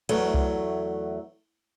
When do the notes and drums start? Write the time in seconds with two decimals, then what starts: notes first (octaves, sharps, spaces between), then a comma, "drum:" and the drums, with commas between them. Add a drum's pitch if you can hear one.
0.09 E2 F#3 A3, drum: cymbal
0.34 drum: kick C2